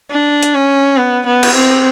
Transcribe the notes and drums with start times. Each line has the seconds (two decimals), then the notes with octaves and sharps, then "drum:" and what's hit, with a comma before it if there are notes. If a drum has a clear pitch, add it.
0.11 D4
0.43 drum: hi-hat
0.54 C#4
0.97 B3
1.26 B3
1.43 drum: cymbal
1.55 C4